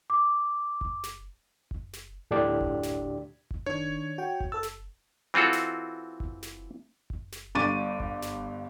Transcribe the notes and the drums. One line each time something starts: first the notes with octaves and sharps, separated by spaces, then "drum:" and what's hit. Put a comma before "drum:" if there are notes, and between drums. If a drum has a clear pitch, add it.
D6
drum: kick F#1
drum: snare
drum: kick F#1
drum: snare
D2 A2 D3 D4 G4 D5
drum: kick F#1
drum: snare
drum: kick F#1
D#3 D4 C#5
F#4 G5
drum: kick F#1
A4 E6 A6
drum: snare
E3 C4 F4 F#4 A4
drum: snare
drum: kick F#1
drum: snare
drum: kick F#1
drum: snare
G1 G2 C#6 D6 A6 D#7
drum: kick F#1
drum: snare